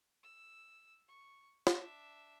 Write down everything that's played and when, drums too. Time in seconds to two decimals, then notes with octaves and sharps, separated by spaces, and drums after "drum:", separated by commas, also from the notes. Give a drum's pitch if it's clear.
0.23 E6
1.08 C#6
1.67 D4 E5, drum: snare